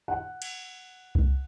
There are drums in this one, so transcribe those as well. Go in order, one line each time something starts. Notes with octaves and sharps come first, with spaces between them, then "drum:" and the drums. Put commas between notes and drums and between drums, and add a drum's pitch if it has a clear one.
F#5
drum: cymbal
drum: kick C2